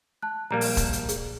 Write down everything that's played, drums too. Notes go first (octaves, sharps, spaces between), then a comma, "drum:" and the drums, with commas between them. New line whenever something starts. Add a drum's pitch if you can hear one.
A5 F#6
A#1 G3 A#3 A#5
drum: open hi-hat
drum: kick, hi-hat
drum: hi-hat
G#4, drum: hi-hat